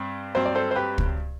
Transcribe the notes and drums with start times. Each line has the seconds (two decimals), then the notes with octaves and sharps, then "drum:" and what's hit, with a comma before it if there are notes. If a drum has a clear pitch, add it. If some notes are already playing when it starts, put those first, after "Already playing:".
Already playing: G2 C4
0.35 G2 F#3 C4 C5
0.45 D5
0.55 A4 C5
0.71 C5
0.76 G4 B4
0.98 drum: kick